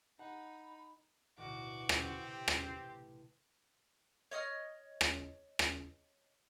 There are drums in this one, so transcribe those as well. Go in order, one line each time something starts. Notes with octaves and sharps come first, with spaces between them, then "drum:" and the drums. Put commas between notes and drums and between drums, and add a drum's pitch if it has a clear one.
D#4 F#5 B5
A1 D2 B2 F#4 D6
C3 C4, drum: rim click
G4
drum: rim click
C#5 D#5 D#6 F6
drum: rim click
drum: rim click